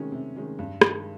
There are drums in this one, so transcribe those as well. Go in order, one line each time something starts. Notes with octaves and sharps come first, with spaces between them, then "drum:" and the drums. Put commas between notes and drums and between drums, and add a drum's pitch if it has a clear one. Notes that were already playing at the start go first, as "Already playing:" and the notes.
Already playing: C3 D#3 G#3 C#4
C3
D#3 G#3 C#4
G2
D#3 G#3, drum: rim click